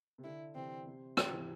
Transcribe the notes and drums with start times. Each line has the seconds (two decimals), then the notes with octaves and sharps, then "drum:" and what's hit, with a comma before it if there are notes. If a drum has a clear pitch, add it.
0.18 C3
0.24 D3 E4
0.55 C3 E3 C4
0.86 C3
1.17 C3 C4, drum: rim click
1.32 C3 E3